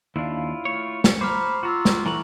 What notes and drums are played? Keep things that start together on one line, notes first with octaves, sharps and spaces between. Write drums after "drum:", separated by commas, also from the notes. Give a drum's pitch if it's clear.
D#2 D4 E4 F4
A3 C#5
drum: snare
C5 A#5 B5 D6 F6
F4 F#4 A#5 E6
drum: snare
E3 A3 F#4 A#5 F#7